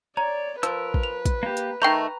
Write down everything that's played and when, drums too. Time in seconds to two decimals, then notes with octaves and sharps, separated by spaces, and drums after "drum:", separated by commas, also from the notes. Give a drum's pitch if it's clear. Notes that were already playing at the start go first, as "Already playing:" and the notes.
0.17 C#5 D5 A#5
0.63 F3 A#4 B4 E6, drum: hi-hat
0.94 drum: kick
1.03 F7
1.26 drum: kick, hi-hat
1.43 A#3 G4
1.57 drum: hi-hat
1.82 D#3 A3 G5 A#5 C#6 G6